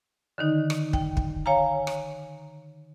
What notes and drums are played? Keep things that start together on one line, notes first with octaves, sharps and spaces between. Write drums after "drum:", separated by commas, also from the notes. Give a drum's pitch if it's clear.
D3 D#3 D#4
drum: rim click
G5, drum: kick
drum: kick
C#5 F5 G#5 A#5
drum: rim click